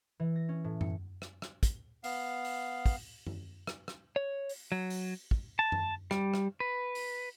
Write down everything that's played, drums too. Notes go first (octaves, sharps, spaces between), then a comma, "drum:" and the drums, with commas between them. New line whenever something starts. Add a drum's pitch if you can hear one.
E3
A#6
C#4
A2
C#7, drum: tom F#2
drum: rim click
drum: rim click
drum: kick, hi-hat
B3 F5, drum: open hi-hat
drum: open hi-hat
drum: kick, open hi-hat
drum: tom F#2
drum: rim click
drum: rim click
C#5
drum: open hi-hat
F#3
drum: open hi-hat
drum: kick
A5
drum: tom F#2
G3, drum: rim click
drum: rim click
B4
drum: open hi-hat